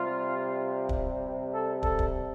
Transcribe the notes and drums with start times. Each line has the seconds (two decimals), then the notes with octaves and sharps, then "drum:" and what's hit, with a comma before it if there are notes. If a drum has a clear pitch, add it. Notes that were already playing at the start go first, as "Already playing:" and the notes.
Already playing: C3 G3 F4
0.89 drum: kick
1.51 A4
1.83 A4, drum: kick
1.99 drum: kick